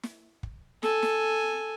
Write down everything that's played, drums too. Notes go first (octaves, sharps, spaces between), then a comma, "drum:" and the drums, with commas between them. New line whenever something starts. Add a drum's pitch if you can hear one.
drum: snare
drum: kick
A4 G#5, drum: snare
drum: snare